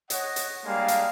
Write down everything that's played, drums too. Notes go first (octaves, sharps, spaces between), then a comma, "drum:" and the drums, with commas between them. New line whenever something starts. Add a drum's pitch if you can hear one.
C#5 D#5 F#5, drum: hi-hat
drum: hi-hat
G3 G#3 A#3 D4 F5
drum: hi-hat